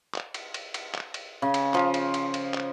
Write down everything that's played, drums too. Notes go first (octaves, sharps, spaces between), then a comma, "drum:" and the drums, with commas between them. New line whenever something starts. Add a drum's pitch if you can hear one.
drum: clap
drum: cymbal
drum: cymbal
drum: cymbal
drum: clap
drum: cymbal
C#3
drum: cymbal
F3, drum: clap
drum: cymbal
drum: cymbal
drum: cymbal
drum: clap